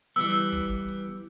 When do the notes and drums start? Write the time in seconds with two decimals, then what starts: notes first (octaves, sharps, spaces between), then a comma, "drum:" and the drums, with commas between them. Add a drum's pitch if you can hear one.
0.16 E3 G3 B3 E6, drum: hi-hat
0.52 drum: kick, hi-hat
0.89 drum: hi-hat